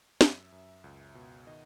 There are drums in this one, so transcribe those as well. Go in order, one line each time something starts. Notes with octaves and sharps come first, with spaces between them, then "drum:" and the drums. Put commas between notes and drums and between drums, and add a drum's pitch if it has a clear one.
F#2 E5, drum: snare
F#2
C#2
B2
D#3 D#5